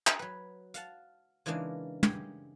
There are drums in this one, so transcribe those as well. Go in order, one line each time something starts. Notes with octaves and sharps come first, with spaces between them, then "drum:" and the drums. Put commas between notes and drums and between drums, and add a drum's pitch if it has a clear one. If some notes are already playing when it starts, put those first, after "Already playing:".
drum: clap
F#3 B4
F5 F#5 A5, drum: hi-hat
C#3 E3 G#3 A#3 D4 D#4
G4 G#4, drum: tom